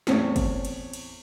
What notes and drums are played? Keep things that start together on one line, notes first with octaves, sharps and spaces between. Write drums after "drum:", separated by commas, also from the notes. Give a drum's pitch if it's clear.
E2 A2 C4 C#4, drum: snare
drum: kick G1, cymbal
drum: cymbal
drum: cymbal